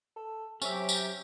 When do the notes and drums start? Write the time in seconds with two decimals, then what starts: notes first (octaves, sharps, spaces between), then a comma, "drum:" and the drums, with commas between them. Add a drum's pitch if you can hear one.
0.16 A4
0.62 C3 F#3 C#4 G4 E5, drum: tambourine
0.89 drum: tambourine